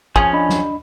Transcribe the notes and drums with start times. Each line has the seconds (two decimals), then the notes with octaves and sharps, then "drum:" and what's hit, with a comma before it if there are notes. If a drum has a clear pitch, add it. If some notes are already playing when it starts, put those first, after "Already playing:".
0.16 F3 C#4 G#4, drum: kick
0.33 D4 D#5 B5
0.49 drum: snare